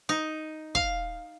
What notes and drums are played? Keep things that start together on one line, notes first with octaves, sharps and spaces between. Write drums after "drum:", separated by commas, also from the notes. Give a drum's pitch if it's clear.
D#4
F5, drum: kick